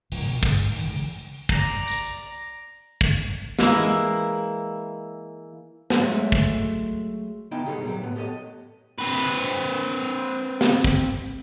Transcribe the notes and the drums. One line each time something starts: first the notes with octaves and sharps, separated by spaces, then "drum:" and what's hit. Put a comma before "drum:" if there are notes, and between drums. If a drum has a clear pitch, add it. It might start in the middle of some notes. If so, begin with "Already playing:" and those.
C#2 G#2 C#3 F3, drum: open hi-hat
B2
G2 B2 D#3 G#3, drum: kick
A1
D#3, drum: open hi-hat
C#3 E3 G#3
D5 A#5, drum: kick
drum: tambourine
drum: kick
E3 G#3 A#3 E4, drum: snare
F#3 G#3 A3, drum: snare
drum: kick
C#3 B3 D#4 E4 G5 A5
C2 B2 G3 G#4 A4
A#2 F#3 G3
A2 B3
G4 A4 C#5 D#5
C4 B4
drum: snare
drum: kick